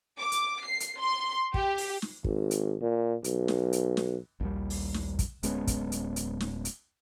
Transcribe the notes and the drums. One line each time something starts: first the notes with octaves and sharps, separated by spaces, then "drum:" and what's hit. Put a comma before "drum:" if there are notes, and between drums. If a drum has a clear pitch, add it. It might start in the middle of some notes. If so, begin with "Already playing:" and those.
D6
drum: hi-hat
C7
drum: hi-hat
C6
G4, drum: kick
drum: open hi-hat
drum: snare
G#1, drum: kick
drum: hi-hat
A#2
B1, drum: hi-hat
drum: snare
drum: hi-hat
drum: snare
A#1 D#2 G3
drum: open hi-hat
drum: snare
drum: kick, hi-hat
D1 G#3 B3 C#4, drum: hi-hat
drum: kick, hi-hat
drum: hi-hat
drum: hi-hat
drum: snare
drum: hi-hat